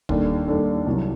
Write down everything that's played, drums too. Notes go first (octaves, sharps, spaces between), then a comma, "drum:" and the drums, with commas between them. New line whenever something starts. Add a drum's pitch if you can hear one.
D#2 D#3 G3 D4 A4, drum: kick
D#2 D#3 G3 D4 A4
C2 C3 F#3